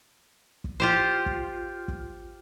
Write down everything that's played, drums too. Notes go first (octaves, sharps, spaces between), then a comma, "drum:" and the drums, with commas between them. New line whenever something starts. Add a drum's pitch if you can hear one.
drum: kick
F4 G4 C5
drum: kick
drum: kick